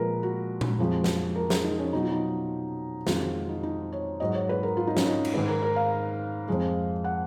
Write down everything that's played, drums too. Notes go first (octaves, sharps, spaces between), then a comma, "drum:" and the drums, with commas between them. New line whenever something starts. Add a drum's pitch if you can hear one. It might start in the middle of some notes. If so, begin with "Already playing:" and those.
Already playing: A#2 F3 G#3 A#4 B4
F#4
drum: tom A#2
F2 F3 G#3
drum: snare
A#4
G#4, drum: snare
D#4
C#4
B2 F#3 D#4
F4
D#4
F2 D#3 G#3 F4, drum: snare
F#4
D#4
D#4
C#5
G#2 F#3 D#5
C#5
B4
A#4
F4
D#4
C#4, drum: snare
D#4
drum: cymbal
G#2 D#3 G#3 B4
A#4
A#4
F5
F2 F3 G#3
F#5